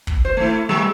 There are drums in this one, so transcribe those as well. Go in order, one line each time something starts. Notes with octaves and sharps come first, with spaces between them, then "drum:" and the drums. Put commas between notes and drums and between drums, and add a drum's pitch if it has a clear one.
drum: kick
C5
A3 E4
G3